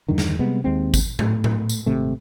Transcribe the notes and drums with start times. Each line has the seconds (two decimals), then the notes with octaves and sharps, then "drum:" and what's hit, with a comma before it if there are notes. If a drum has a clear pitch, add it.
0.08 E2 G2 D3 D#3
0.18 drum: snare
0.39 C3 G3 G#3 B3
0.64 D#2 G#3 C4
0.94 drum: kick G#1, tambourine
1.19 A2, drum: tom A2
1.44 drum: tom A2
1.69 drum: tambourine
1.86 G#1 C3 A3